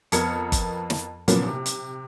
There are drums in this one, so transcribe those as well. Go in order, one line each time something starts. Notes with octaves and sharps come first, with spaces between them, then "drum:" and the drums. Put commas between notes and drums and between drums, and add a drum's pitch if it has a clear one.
F2 B3 A#4 F6 G#6 C#7, drum: hi-hat
drum: kick G1, hi-hat
drum: snare
A#2 C#3 F3 F#3 A#3 B3, drum: hi-hat
C3
drum: hi-hat